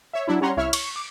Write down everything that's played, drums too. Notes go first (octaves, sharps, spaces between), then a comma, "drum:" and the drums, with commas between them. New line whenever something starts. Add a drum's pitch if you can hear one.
C#5 E5
F#3 D4 E4
G3 C#4 C#5 F#5 A#5 C6
C2 E4 C#5 E5 F6
C#6, drum: cymbal
D6